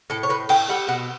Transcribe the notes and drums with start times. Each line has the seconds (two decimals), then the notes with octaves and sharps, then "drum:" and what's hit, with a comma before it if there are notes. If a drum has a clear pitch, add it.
0.10 A2 A4
0.23 C#5
0.29 A2 B4
0.49 A2 G5, drum: cymbal
0.69 G3 F#5
0.88 B2 F#5